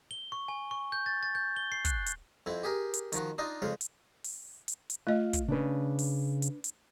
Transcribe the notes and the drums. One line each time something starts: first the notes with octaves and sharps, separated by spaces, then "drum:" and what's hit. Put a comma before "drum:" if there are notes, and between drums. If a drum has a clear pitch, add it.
G7
C#6
G#5
C#6
G6
A6
A6
G6
G7
C7
F#6, drum: kick, hi-hat
drum: hi-hat
F2 C4 E4
G4 G#4 A#4
drum: hi-hat
D#3 F3 F#4, drum: hi-hat
D4 D#4 F4 D#5
F2 C#3 G#3 F5
drum: hi-hat
drum: open hi-hat
drum: hi-hat
drum: hi-hat
A3 F4 D#5
drum: kick, hi-hat
C#3 D4 B4
drum: open hi-hat
drum: hi-hat
drum: hi-hat